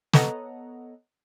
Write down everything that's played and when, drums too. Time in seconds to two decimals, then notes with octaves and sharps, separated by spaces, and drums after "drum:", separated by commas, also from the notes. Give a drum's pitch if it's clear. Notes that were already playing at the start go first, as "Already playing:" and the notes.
0.13 B3 A4 C#5 D#5 F#5 A#5, drum: snare